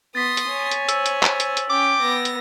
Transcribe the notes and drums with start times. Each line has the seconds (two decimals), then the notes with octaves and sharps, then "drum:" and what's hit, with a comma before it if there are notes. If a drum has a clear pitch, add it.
0.15 B3 C6 D#6 A6 B6
0.37 drum: hi-hat
0.48 C#5 G#5
0.72 drum: hi-hat
0.89 C5 E6, drum: hi-hat
1.06 drum: hi-hat
1.23 drum: clap
1.40 drum: hi-hat
1.57 drum: hi-hat
1.70 C#4 G5 D6
2.01 B3 A#6
2.25 drum: hi-hat